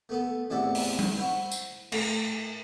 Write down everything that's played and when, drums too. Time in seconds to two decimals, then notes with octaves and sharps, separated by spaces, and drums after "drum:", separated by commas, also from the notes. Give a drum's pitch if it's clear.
0.09 A3 B3 A4
0.50 E2 A2 C3 A4 D5 F#5
0.75 drum: open hi-hat
0.99 drum: tom G3
1.16 E4 C5 E5 F#5 C#6
1.52 drum: tambourine
1.92 A2 A3, drum: cymbal